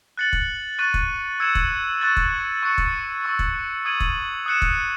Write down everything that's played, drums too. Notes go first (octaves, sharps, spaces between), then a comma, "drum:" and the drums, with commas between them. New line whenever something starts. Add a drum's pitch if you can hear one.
F#6 A6 C#7 F#7
drum: kick
C#6 F#6 A6 D#7
drum: kick
E6 G#6 C#7 E7
drum: kick
C#6 F#6 A6
drum: kick
C#6 F#6 C#7
drum: kick
C#6 E6 A6
drum: kick
D#6 G#6 D#7 F#7
drum: kick
D#6 F#6 C#7 E7
drum: kick